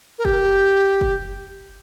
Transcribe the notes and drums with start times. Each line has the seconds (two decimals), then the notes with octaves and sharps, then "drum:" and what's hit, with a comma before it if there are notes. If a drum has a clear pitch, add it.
0.19 A#4
0.25 G4, drum: kick
1.01 drum: kick